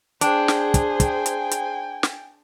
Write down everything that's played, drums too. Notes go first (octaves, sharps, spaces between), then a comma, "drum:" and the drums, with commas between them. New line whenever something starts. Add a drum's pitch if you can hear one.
D4 G#4 C5 G5, drum: hi-hat
drum: snare
drum: kick, hi-hat
G5 G#5, drum: kick, hi-hat
drum: hi-hat
drum: hi-hat
drum: snare